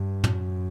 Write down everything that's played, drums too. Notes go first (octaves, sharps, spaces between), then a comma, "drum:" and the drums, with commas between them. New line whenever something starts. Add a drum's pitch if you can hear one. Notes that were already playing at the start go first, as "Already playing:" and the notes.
Already playing: G2
F#2, drum: tom